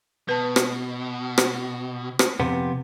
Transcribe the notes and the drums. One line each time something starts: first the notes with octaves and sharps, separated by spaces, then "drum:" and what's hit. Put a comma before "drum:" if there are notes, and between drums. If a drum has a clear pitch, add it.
B2 B4 A5
drum: rim click
drum: rim click
drum: rim click
F2 C3 B3